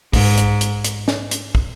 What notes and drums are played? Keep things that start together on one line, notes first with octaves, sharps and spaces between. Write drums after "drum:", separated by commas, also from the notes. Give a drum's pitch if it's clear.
G#2, drum: kick, open hi-hat
drum: hi-hat
drum: hi-hat
drum: hi-hat
drum: snare
drum: hi-hat
drum: kick